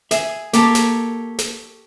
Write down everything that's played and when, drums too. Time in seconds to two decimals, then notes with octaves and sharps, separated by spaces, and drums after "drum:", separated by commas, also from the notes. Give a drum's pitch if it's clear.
0.11 G#4 E5, drum: snare
0.53 A#3 G4 A4 C#5, drum: snare
0.75 drum: snare
1.39 drum: snare